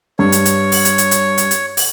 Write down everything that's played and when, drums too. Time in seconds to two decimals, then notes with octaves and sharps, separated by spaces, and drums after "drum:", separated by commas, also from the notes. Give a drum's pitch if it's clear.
0.19 G2 C#5
0.32 drum: hi-hat
0.45 drum: hi-hat
0.72 drum: open hi-hat
0.85 drum: hi-hat
0.98 drum: hi-hat
1.11 drum: hi-hat
1.38 drum: hi-hat
1.51 drum: hi-hat
1.77 drum: open hi-hat